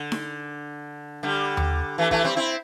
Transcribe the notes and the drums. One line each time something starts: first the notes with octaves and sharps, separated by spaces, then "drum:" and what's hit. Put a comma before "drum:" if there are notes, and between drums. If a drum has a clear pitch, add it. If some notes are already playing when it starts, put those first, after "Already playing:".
Already playing: D3
drum: snare D#4
D3 G3
drum: tom D#2
E3 A3
E3 A3, drum: kick
G3 C4
C4 E4